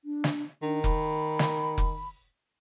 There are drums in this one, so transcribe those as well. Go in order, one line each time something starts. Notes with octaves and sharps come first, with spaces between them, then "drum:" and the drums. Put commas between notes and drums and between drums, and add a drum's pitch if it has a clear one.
D4
drum: snare
D#3 D4
B5, drum: kick F1
drum: snare
drum: kick F1